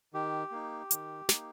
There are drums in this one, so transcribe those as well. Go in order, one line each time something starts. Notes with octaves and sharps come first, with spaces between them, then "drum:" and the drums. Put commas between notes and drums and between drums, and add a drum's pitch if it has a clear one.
D#3 G4
A#3 D#4
D#3, drum: hi-hat
A#3 D#4, drum: snare